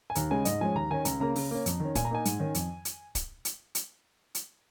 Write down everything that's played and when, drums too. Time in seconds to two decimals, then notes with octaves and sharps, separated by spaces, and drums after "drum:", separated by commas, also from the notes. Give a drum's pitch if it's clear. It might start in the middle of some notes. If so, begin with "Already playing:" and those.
0.10 G#5
0.15 D#2 A#5, drum: hi-hat
0.31 C#3 G#3 G#5
0.45 G#2 D#5, drum: hi-hat
0.61 F3 G#3 C#4 G#5
0.75 D#2 A#5
0.90 D#3 C#4 G#5
1.05 C#2 A#5, drum: hi-hat
1.20 C#3 A#3 A#5
1.36 C#3, drum: open hi-hat
1.51 A#3 C#4
1.66 F2, drum: hi-hat
1.80 D#3
1.85 C#4
1.95 A#2 G#5, drum: kick, hi-hat
2.05 A#5
2.11 A#3 D#4 G#5
2.25 G#2, drum: hi-hat
2.40 D#3 C#4
2.55 F2, drum: hi-hat
2.85 drum: hi-hat
3.15 drum: kick, hi-hat
3.45 drum: hi-hat
3.75 drum: hi-hat
4.35 drum: hi-hat